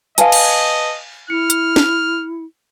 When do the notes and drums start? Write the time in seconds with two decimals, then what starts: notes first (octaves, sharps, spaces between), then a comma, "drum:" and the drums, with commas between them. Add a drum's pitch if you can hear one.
0.18 B4 D#5 F5 G#5 A5, drum: hi-hat
0.32 drum: cymbal
1.30 E4 F6 C#7
1.50 drum: hi-hat
1.76 drum: snare